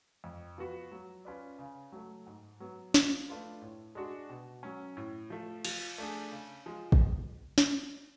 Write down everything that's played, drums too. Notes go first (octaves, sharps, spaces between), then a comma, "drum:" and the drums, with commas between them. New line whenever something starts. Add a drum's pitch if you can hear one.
F2
F3 B3 F#4 B4
F#3
C#4 F4 B4 D5
C#3
F#3 A3
G#2
F#3 B3
F3, drum: snare
A3 D4 F4 B4
A2
G#3 D4 F#4
B2
F#3 C#4
A2
F3 A3
F3, drum: cymbal
A3 D4 G#4
C#3
F3 G#3
drum: kick
drum: snare